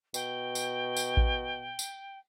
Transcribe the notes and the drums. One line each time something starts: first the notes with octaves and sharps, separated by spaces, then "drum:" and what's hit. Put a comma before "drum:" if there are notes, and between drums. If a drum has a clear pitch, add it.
B2 G5, drum: tambourine
drum: tambourine
drum: tambourine
drum: kick A1
drum: tambourine